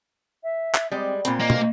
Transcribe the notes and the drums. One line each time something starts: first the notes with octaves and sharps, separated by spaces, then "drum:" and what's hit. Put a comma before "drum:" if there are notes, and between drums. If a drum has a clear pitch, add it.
E5
drum: clap
G3 G#3 C4
A#2 C4 B5, drum: hi-hat
A#3 D#5
drum: tom